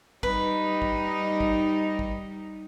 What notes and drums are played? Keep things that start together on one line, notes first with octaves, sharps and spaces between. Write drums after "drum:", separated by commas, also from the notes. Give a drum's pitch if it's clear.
G3 D#4 B4, drum: kick
drum: kick
drum: kick
drum: kick